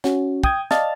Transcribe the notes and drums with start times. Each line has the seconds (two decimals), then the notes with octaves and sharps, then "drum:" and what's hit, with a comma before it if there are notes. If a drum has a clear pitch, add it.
0.04 C#4 F#4, drum: snare
0.44 G5 D#6 G6 G#6, drum: kick
0.71 D5 D#5 F5 A5 F6 A6, drum: snare